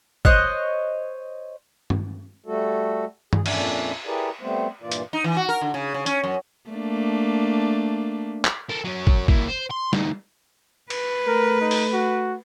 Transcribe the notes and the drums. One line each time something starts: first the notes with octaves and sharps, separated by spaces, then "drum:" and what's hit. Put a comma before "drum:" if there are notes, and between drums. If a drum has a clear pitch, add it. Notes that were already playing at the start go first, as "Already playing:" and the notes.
C5 C#5 D#5 F#6, drum: kick
drum: tom G2
G3 A3 F#4 A4
G#4, drum: tom G2
F2 A#2 C#4 D4 D5 E5, drum: cymbal
E4 G4 G#4 A#4 B4 D5
G3 A3 B3 C4 C5
G2 A#2 E3 A#3 F4 D5
drum: hi-hat
D#4
E3
F#4
A#4
D3
C#3
C#3
C#4, drum: hi-hat
F#2
A3 A#3 D4
drum: clap
A4 A#4
F#3 C#4
drum: kick
A#3 E4, drum: kick
C5
C6
D2 D#4, drum: snare
B4, drum: cymbal
A3 A#4
D#4
drum: open hi-hat
F#4